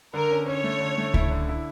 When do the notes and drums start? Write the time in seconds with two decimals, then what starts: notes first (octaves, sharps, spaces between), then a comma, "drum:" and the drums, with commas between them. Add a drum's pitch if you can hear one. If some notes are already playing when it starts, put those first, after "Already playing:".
0.13 D3 A#4
0.31 C#4
0.47 C#4 C#5
0.64 A3
0.80 D3
0.98 A3
1.14 E4, drum: kick C#2
1.31 D3
1.49 E4